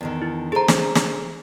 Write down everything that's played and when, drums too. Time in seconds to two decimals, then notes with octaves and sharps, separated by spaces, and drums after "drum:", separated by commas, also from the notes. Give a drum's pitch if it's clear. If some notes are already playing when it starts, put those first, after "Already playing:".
0.01 E2 D3 D#3
0.22 E4
0.52 G#4 A4 C5 A#5
0.68 drum: snare
0.95 drum: snare